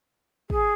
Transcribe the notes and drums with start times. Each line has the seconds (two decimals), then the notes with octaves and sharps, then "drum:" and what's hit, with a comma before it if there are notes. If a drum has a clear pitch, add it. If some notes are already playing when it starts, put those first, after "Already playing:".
0.50 G#4, drum: kick